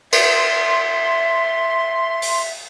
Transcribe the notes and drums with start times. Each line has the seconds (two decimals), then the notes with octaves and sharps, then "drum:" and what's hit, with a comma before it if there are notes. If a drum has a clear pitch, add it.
0.12 E5 C6, drum: cymbal
2.22 drum: open hi-hat